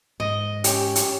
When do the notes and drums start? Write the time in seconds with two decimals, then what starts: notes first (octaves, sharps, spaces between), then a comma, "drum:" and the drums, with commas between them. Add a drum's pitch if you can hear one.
0.20 G#2 D#5
0.64 C#4 G4, drum: hi-hat
0.96 drum: hi-hat